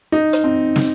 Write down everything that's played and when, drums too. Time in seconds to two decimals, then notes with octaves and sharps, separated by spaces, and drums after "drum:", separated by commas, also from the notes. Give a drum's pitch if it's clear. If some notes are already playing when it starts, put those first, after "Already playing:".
0.12 D#4
0.33 drum: hi-hat
0.44 C4
0.76 drum: snare